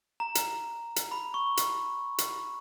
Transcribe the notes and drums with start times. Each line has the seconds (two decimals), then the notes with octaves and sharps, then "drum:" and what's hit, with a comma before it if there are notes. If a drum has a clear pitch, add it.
0.20 A#5
0.35 drum: hi-hat
0.96 drum: hi-hat
1.11 B5
1.34 C#6
1.57 drum: hi-hat
2.18 drum: hi-hat